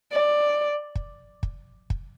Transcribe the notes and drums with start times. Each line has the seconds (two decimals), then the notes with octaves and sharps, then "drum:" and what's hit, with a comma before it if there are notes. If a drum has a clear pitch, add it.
0.12 D5
0.95 drum: kick
1.43 drum: kick
1.90 drum: kick